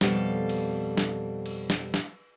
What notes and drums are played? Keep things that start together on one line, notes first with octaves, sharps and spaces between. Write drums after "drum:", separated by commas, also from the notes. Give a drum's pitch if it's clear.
F2 B2 G3 A4 F5, drum: snare
drum: cymbal
drum: snare
drum: cymbal
drum: snare
drum: snare